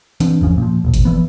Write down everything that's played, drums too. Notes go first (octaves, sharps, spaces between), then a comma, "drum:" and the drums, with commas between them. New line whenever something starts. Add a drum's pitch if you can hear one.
E3 C4 D4, drum: hi-hat
G1 E2 F3 C#4
A#2 F3
E1 A#1
drum: kick G1, hi-hat
E3 F3 B3